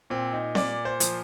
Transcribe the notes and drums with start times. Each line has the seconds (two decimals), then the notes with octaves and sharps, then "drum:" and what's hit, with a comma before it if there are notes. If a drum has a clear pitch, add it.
0.10 A#2 C4
0.33 D#4
0.55 A#2 D5, drum: snare C4
0.85 C5
1.00 F3, drum: hi-hat